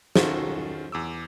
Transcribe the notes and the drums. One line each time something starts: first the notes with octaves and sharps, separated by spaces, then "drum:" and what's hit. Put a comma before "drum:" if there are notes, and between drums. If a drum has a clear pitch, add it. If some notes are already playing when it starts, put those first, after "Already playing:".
D#3 C#4 F4 F#4 A4 C5, drum: snare
E2 D6 E6